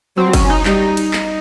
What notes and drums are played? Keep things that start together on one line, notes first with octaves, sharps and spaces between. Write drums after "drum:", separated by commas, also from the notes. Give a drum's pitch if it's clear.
F#3 C4
C#4, drum: kick F#1, cymbal
D#4
G3 D#4, drum: clap
drum: cymbal
drum: clap